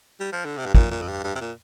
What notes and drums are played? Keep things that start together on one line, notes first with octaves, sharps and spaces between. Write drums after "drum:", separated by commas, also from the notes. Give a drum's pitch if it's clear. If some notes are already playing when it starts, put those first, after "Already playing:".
G3
F3
D3
C3
G2
A#2, drum: kick
A#2
F2
G2
G2
C3
A#2